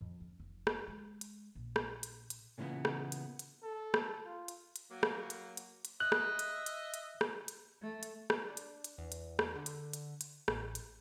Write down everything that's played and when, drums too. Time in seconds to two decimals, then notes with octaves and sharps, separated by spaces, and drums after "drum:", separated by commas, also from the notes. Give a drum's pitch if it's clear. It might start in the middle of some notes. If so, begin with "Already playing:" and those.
0.01 F2
0.20 C#4
0.40 F1
0.67 drum: rim click
0.88 G#3
1.21 drum: hi-hat
1.55 A#1
1.76 drum: rim click
2.03 drum: hi-hat
2.30 drum: hi-hat
2.58 A#2 C#3 E3 A#3 B3
2.85 drum: rim click
3.12 drum: hi-hat
3.39 drum: hi-hat
3.63 A4
3.94 drum: rim click
4.26 F4
4.48 drum: hi-hat
4.76 drum: hi-hat
4.91 F#3 A#3
5.03 drum: rim click
5.30 drum: hi-hat
5.57 drum: hi-hat
5.85 drum: hi-hat
6.00 D#5 E5 F#6
6.12 drum: rim click
6.39 drum: hi-hat
6.66 drum: hi-hat
6.94 drum: hi-hat
7.21 drum: rim click
7.48 drum: hi-hat
7.82 A3
8.03 drum: hi-hat
8.30 drum: rim click
8.48 D4
8.57 drum: hi-hat
8.84 drum: hi-hat
8.98 E2
9.12 drum: hi-hat
9.39 drum: rim click
9.55 D3
9.66 drum: hi-hat
9.93 drum: hi-hat
10.21 drum: hi-hat
10.48 A1, drum: rim click
10.75 drum: hi-hat